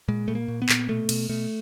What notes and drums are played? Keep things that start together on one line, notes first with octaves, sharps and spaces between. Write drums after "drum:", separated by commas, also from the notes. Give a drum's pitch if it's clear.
A#2 G#3
A#2 A3
A#3
A#2
B3
A#2, drum: clap
B2 A3
B2, drum: cymbal
B2 A3